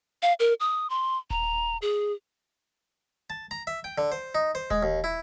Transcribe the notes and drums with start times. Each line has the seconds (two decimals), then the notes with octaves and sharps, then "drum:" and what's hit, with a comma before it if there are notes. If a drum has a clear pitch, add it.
0.23 F5
0.40 A#4
0.60 D#6
0.90 C6
1.30 A#5, drum: kick D#1
1.82 G#4
3.30 A5
3.51 A#5
3.67 E5
3.84 G5
3.98 D3
4.12 C5
4.35 D#4
4.55 C5
4.71 G#3, drum: kick D#1
4.83 D#2
5.04 E4